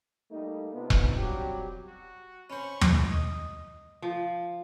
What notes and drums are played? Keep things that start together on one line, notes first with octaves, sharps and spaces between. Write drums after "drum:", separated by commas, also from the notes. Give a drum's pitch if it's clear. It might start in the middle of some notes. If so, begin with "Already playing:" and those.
G3 A3 A#3 D#4
C3 B3 D4 D#4 F4
drum: kick E1
F#3 G3 C4 G4
F#4
C#4 C5 B5 C#6
drum: tom
D#5
F3